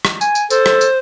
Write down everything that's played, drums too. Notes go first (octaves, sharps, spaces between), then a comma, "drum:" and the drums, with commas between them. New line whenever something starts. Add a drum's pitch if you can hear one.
drum: rim click
G#5, drum: tambourine
drum: tambourine
A4 C5, drum: tambourine
drum: rim click
drum: tambourine